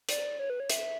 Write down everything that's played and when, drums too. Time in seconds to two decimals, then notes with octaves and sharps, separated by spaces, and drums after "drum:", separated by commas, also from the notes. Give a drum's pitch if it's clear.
0.09 D5, drum: hi-hat
0.39 C#5
0.50 B4
0.60 C#5
0.70 E5, drum: hi-hat